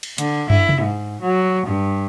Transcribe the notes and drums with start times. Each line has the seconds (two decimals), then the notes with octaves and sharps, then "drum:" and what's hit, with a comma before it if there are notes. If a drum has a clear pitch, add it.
0.03 drum: cymbal
0.18 D3, drum: hi-hat
0.50 E4, drum: tom
0.69 drum: tom C3
0.81 G#2
1.22 F#3
1.67 G2